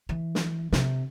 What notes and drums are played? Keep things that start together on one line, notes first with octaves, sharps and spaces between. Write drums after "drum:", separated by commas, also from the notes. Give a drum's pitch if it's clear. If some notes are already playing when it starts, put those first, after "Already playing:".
E3
drum: snare
C3, drum: snare